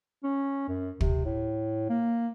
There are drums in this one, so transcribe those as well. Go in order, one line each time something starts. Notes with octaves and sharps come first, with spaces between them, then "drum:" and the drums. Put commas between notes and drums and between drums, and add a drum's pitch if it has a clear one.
C#4
F#2
C3, drum: kick
A2
A#3